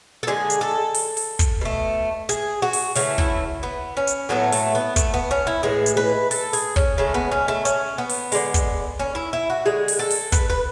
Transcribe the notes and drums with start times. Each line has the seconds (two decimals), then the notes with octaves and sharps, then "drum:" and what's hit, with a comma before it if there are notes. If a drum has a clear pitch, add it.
0.23 A4
0.27 D3 G#3 G#4
0.50 drum: hi-hat
0.61 A4
0.94 drum: open hi-hat
1.17 drum: open hi-hat
1.39 drum: kick, hi-hat
1.61 B2 A3
2.29 G#4, drum: hi-hat
2.62 F#4
2.73 drum: open hi-hat
2.95 C#3 E3 A3 F#4, drum: open hi-hat
3.18 E4, drum: kick
3.63 B3
3.97 C#4
4.07 drum: hi-hat
4.29 A2 F#3 A3 B3
4.52 A3, drum: open hi-hat
4.75 B3
4.96 A3, drum: kick, hi-hat
5.14 B3
5.31 C#4
5.47 E4
5.63 A2 E3 G#3 G#4
5.86 drum: hi-hat
5.97 B4
6.31 A4, drum: open hi-hat
6.53 G#4, drum: open hi-hat
6.76 C#4, drum: kick
6.98 C#3 G#3 A3
7.14 B3
7.32 C#4
7.48 A3
7.65 C#4, drum: hi-hat
7.98 B3
8.09 drum: open hi-hat
8.32 D3 G#3, drum: open hi-hat
8.54 drum: kick, hi-hat
8.99 C#4
9.15 E4
9.33 E4
9.50 F#4
9.66 D3 G#3 G#4
9.88 drum: open hi-hat
9.99 A4
10.11 drum: open hi-hat
10.32 B4, drum: kick, hi-hat
10.50 B4